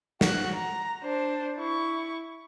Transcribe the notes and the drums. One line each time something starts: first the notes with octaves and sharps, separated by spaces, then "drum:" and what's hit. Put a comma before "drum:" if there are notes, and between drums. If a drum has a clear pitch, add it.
F#4 F#6, drum: snare
A#5
D4 C5
E4 C#6